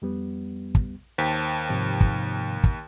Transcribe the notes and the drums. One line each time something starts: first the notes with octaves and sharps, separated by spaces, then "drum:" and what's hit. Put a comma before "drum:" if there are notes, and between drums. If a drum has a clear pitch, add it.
F2 G3 B3
drum: kick
D#2 C5 G5 A5 B6
G#2 C3 F3
drum: kick
drum: kick